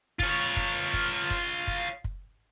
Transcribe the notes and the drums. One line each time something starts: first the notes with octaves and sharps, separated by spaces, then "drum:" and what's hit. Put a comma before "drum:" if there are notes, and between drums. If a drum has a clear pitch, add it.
F4 C#5, drum: kick
drum: kick
drum: kick
drum: kick
drum: kick
drum: kick